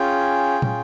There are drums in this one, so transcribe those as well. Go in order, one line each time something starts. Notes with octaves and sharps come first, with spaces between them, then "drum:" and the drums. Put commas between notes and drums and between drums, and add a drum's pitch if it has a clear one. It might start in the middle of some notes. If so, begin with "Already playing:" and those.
Already playing: C#4 F4 G#4 G5
C#4 F4 G#4, drum: tom